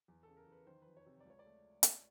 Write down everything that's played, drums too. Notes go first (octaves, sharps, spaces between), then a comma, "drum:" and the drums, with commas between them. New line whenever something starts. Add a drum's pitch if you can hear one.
E2
C#3 A4
A#4
E2
B4
D#3 C5
F2 B4
C#5
C3
D5
C#2 C#5
D5
A3
drum: hi-hat